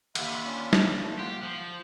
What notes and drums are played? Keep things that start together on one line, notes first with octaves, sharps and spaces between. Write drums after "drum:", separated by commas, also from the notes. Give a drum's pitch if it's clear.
D#2 D3 E5 B5 F#6, drum: cymbal
C#4 D4 F4
drum: snare
A3
F4 G4 F#5 C6
F3 C5